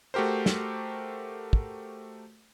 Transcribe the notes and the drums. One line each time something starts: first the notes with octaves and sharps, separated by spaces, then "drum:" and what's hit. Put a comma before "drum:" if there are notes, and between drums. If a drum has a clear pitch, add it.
A3 F#4 G4 A#4 C5
drum: snare
drum: kick